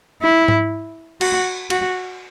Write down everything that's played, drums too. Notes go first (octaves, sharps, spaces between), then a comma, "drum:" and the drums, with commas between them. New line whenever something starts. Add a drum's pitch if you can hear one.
E4
drum: tom G#2
F#4, drum: cymbal
F#4, drum: cymbal